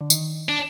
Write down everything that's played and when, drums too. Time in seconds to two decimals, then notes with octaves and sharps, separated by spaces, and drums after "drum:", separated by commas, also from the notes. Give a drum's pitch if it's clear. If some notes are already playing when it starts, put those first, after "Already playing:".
0.01 D3
0.10 D#3, drum: tambourine
0.49 D4